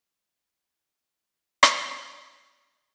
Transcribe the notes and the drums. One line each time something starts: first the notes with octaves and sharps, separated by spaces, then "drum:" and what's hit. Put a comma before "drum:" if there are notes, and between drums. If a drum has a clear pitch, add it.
E4
drum: rim click
G#3 A#3 G4